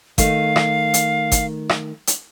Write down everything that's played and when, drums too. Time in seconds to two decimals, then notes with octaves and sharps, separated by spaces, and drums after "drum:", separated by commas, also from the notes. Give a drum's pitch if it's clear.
0.18 D#3 A3 F5, drum: kick G1, hi-hat
0.56 drum: rim click
0.94 drum: hi-hat
1.32 drum: kick G1, hi-hat
1.69 drum: rim click
2.07 drum: hi-hat